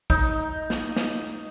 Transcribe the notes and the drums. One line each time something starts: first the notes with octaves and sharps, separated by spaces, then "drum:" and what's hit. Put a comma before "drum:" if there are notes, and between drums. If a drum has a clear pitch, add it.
D#4, drum: kick
drum: snare
drum: snare